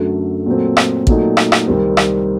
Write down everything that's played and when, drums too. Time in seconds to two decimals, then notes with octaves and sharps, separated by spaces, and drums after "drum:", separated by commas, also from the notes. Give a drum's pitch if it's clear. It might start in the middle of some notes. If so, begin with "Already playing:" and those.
Already playing: F#2 D3 F#3 A3
0.46 A#2 F#3 A3 C4
0.77 drum: rim click
1.07 A#2 F#3 A3 D#4, drum: kick
1.37 drum: rim click
1.52 drum: rim click
1.67 C2 C3 D#3 G3 C4
1.97 drum: rim click